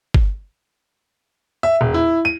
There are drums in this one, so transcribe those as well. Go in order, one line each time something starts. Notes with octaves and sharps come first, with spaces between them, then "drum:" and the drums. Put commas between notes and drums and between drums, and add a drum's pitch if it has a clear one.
drum: kick G1
E5
E1
E4
D#7